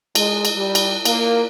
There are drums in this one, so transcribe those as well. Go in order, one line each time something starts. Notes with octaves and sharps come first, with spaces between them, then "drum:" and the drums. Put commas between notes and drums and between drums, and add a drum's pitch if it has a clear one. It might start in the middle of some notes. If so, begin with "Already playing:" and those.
G#3, drum: cymbal
drum: cymbal
G3
drum: cymbal
A#3, drum: cymbal